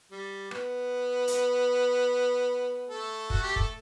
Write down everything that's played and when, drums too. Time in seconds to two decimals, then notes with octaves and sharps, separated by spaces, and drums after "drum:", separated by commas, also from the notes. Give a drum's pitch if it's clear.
0.11 G3
0.51 B3, drum: rim click
1.27 drum: hi-hat
2.89 A3 A4
3.30 F#4, drum: kick
3.43 G4
3.56 A4, drum: kick